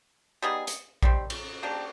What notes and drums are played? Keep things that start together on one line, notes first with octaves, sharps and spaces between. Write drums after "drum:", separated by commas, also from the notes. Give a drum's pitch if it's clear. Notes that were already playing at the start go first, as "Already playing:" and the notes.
G3 B3 D#4 G#4
drum: hi-hat
D#3 G3 C4, drum: kick A#1
drum: cymbal
A#3 D4 G4